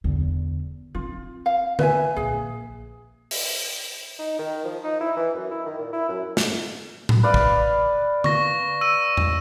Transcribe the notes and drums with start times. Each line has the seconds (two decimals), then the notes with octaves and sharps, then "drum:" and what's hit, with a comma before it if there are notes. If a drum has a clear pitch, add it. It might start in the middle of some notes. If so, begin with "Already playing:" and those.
0.04 E2 D3
0.95 C4 D#4 F4
1.46 F5
1.79 B4 E5 G#5, drum: tom D3
2.16 A#1 G#4
3.31 drum: open hi-hat
4.19 D#4
4.39 D#3
4.65 F3
4.84 D#4
5.01 E4
5.17 E3
5.34 F#2
5.51 E4
5.66 D#3
5.78 A#2
5.93 E4
6.09 F#2
6.37 drum: snare
7.09 drum: tom A2
7.23 B4 D5 F5
7.34 drum: kick A1
8.24 C#6 A#6, drum: tom D3
8.81 E6 D#7
9.17 drum: tom E2